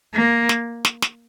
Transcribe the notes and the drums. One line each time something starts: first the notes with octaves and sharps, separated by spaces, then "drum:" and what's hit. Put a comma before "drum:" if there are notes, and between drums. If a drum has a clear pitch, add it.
A#3
drum: snare
drum: snare
drum: snare